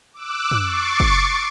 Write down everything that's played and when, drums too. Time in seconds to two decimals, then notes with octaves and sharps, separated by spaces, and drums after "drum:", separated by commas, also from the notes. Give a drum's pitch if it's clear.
0.13 D6 E6 F#6
0.51 drum: tom
0.62 C#6 D6 A6 C7 D7
1.00 drum: kick